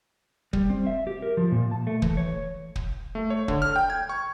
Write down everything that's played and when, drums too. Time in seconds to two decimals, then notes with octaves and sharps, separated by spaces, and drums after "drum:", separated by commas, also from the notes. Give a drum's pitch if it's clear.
0.53 G3, drum: kick
0.70 C4
0.87 E5
1.07 G4
1.22 A#4
1.37 F3
1.52 A#2
1.71 A5
1.87 A3
2.02 E3, drum: kick
2.17 C#5
2.76 drum: kick
3.15 A3
3.30 C#5
3.48 D3, drum: kick
3.62 F6
3.76 G5
3.90 G#6
4.09 C#6